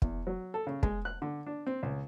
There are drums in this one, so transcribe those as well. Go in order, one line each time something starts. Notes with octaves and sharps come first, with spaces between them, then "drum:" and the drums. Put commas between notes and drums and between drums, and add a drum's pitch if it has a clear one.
E2, drum: kick
F#3
A4
C#3
G#3, drum: kick
F#6
D3
D4
C4
C#2